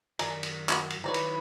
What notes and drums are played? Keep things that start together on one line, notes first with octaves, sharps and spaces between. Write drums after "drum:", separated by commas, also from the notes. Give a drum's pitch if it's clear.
F#2 D#3 D4 A#4 G#5 A#5, drum: cymbal
drum: cymbal
F#4, drum: clap
drum: cymbal
D#3 F#3 E4 B4 C#5 D5 A#5
drum: cymbal